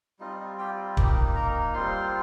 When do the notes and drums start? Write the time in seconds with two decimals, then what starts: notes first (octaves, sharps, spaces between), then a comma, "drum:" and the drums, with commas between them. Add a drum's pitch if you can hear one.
0.20 G3 C4 D#4 F4 D#5
0.58 G4 G5
0.97 A#3 D#4 G4 G5, drum: kick
1.35 A#4 A#5
1.74 G3 C4 F4 C5 C6